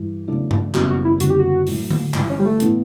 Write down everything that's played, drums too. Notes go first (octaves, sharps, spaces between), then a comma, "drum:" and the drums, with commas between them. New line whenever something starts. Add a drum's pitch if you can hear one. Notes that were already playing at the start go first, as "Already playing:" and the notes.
Already playing: G2 E3
E2 C#3 F#3 A3 D4
drum: tom G2
F#1 E2 B2 G3 C#4 F#4, drum: clap
F#4
E4
F#1 E2 D3 G3 C#4 F#4, drum: hi-hat
G4
F#4
A2 F#3 A3, drum: open hi-hat
drum: tom D3
G1 G2 E3, drum: clap
C#4
G3
A3
A2 E3 B3 E4, drum: hi-hat